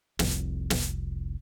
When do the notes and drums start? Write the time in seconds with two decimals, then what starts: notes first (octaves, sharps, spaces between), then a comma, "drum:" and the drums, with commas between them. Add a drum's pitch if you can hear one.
0.19 F1 C2, drum: snare
0.70 drum: snare